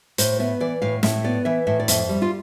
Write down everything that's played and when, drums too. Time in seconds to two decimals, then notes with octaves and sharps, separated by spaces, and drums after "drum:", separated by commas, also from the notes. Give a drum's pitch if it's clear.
0.18 A2 C5, drum: hi-hat
0.39 B3 E5
0.60 E3 D5
0.82 A2 F5
1.03 A2 E5, drum: snare
1.24 B3 D5
1.45 E3 E5
1.67 A2 E5
1.80 D5
1.88 F2 E5, drum: hi-hat
2.09 G3
2.22 F4